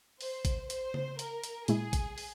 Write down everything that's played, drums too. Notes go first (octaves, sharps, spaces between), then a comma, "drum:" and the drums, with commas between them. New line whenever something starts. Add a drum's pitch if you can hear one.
C5, drum: open hi-hat
drum: kick A1, hi-hat
C5, drum: hi-hat
drum: tom C#3
A#4, drum: hi-hat
drum: hi-hat
A#2 G#3 E4 G#4, drum: hi-hat
drum: kick A1, hi-hat
drum: open hi-hat